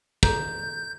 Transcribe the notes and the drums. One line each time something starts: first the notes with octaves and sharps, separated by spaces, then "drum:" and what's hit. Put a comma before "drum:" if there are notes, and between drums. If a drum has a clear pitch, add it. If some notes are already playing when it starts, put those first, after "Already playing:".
G#4 A4 A#5 G6, drum: kick